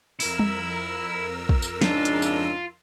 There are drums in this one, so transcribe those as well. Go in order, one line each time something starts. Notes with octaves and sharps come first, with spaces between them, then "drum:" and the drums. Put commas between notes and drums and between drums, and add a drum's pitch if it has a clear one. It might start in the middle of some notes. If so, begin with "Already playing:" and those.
F2 E4 A#4 E6, drum: open hi-hat
drum: tom G3
drum: kick
drum: tambourine
G#2 C#3 D4 F4, drum: snare
drum: hi-hat
drum: tambourine